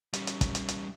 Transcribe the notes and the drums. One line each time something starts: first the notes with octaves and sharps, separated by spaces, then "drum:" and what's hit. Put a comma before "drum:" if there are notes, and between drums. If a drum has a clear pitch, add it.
G3 C#4, drum: hi-hat
drum: hi-hat
drum: kick, hi-hat
drum: hi-hat
drum: hi-hat